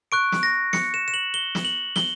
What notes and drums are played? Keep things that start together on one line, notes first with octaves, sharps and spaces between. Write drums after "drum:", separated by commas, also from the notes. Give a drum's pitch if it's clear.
C#6 F#6 D7
drum: snare
A#6
C#7, drum: snare
E7
E7
F#7
G7
drum: snare
F#7
G7, drum: snare